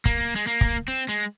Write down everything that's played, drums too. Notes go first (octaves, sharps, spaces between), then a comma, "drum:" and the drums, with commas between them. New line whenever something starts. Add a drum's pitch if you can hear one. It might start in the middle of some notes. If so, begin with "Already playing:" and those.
A#3, drum: kick
G#3
A#3
drum: kick
C4
G#3